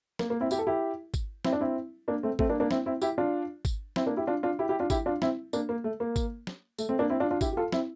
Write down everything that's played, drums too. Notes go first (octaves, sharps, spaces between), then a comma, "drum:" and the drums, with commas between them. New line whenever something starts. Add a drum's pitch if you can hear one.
A#3, drum: snare
A#3
C4 E4
E4 G4, drum: tambourine
A4
E4 G4
drum: kick G#1, tambourine
C4 E4, drum: snare
D4
C4 E4
A#3 D4
A3 C4
A3 C4, drum: kick G#1
A#3 D4
A#3 D4
C4 E4, drum: snare
C4 E4
E4 G4, drum: tambourine
D4 F4
drum: kick G#1, tambourine
C4 E4, drum: snare
A#3 D4
E4 G4
D4 F4
D4 F4
E4 G4
E4 G4
D4 F4
E4 G4, drum: kick G#1, tambourine
D4 F4
C4 E4, drum: snare
A#3 D4, drum: tambourine
A#3
A3
A#3
drum: kick G#1, tambourine
drum: snare
A3, drum: tambourine
A3 C4
A#3 D4
C4 E4
D4 F4
D4 F4
E4 G4, drum: kick G#1, tambourine
G4
F4 A4
C4 E4, drum: snare